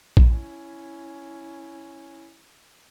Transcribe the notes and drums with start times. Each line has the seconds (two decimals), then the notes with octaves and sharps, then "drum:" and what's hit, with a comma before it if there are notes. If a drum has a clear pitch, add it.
0.17 drum: kick A#1
0.29 C#4 E4